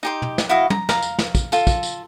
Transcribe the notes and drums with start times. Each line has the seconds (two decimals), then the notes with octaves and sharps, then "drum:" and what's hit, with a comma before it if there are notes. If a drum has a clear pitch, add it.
0.03 D#4 G4 C6
0.22 drum: tom
0.38 drum: snare
0.49 E4 F#4 D#5 F5
0.70 A#5, drum: tom
0.89 F5 A#5, drum: snare
1.02 drum: tambourine
1.19 drum: snare
1.35 drum: kick, tambourine
1.52 F4 A4, drum: tambourine
1.67 drum: kick, tambourine
1.83 drum: tambourine